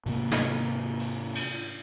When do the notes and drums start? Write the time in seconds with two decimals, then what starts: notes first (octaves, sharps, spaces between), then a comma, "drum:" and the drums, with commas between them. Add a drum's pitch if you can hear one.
0.06 G#2 C3 A#3, drum: open hi-hat
0.31 drum: snare
0.99 drum: open hi-hat
1.35 drum: cymbal